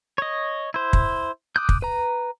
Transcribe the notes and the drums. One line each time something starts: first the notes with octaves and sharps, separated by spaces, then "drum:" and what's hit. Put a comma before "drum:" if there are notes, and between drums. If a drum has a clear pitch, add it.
C#5 D#5
E4 C5
drum: kick
D6 D#6 F#6 G6
drum: kick
B4 A#5